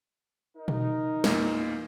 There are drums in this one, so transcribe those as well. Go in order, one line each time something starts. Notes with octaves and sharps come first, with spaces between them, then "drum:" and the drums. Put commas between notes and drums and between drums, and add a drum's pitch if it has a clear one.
D#4 A#4
drum: tom B2
E2 A#2 A#3, drum: snare